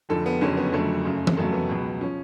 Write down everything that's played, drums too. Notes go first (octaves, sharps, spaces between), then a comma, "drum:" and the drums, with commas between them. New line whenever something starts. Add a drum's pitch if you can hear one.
F1 F2 D3 F3 A4
B3
F#1 F2 D3 F#3 C#4
B3
F#1 F2 D3 F#3 A3
F#1 F#2 C#3
drum: tom E3
F1 F2 C#3 F#3 A3
B3
C#2 B2 F#3
F3 C#4